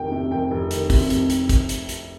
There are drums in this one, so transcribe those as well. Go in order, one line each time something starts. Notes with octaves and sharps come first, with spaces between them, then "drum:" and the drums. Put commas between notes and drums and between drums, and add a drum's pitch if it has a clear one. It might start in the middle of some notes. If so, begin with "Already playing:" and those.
Already playing: F1 F2 D#3 G5
C3
F2 G5
F1
D#3, drum: hi-hat
C3, drum: kick, open hi-hat
F2, drum: hi-hat
drum: hi-hat
drum: kick, hi-hat
drum: hi-hat
drum: hi-hat